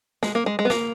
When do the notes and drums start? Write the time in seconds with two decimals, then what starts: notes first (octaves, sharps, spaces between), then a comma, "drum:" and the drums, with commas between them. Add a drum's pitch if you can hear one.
0.23 G#3, drum: snare
0.35 A#3
0.46 G#3
0.59 G#3
0.65 B3
0.70 A#3, drum: snare